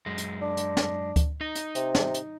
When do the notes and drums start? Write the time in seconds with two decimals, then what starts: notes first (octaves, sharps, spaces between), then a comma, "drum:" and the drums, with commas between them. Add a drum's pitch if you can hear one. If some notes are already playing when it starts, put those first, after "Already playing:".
0.06 F#2 G#3
0.18 drum: hi-hat
0.42 D4
0.57 drum: hi-hat
0.77 drum: snare
1.16 drum: kick D2, hi-hat
1.41 D#4 D#5
1.55 drum: hi-hat
1.75 C3, drum: hi-hat
1.95 drum: snare
2.14 drum: hi-hat